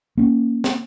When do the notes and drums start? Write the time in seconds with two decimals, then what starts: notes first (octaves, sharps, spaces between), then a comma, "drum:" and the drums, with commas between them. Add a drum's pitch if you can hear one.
0.18 A#3 C#4
0.64 drum: snare